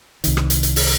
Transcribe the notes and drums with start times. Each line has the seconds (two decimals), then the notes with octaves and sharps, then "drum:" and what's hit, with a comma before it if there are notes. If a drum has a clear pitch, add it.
0.24 C2 D#3, drum: hi-hat
0.37 drum: rim click
0.50 drum: hi-hat
0.63 drum: hi-hat
0.76 drum: open hi-hat